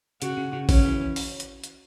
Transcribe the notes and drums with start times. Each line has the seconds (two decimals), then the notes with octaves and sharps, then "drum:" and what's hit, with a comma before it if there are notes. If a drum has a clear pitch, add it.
0.22 C#3 F#4, drum: hi-hat
0.37 C#3
0.53 C#3
0.69 C#3 C#4, drum: kick, open hi-hat
0.85 E3
1.16 drum: open hi-hat
1.40 drum: hi-hat
1.64 drum: hi-hat